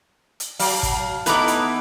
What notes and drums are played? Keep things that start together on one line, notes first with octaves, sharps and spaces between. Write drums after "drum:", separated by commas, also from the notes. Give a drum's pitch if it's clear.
drum: hi-hat
F#3 F5 A5, drum: open hi-hat
drum: kick, hi-hat
E3 B3 D#4 E4 A4 B4 A#5 D6, drum: hi-hat
drum: hi-hat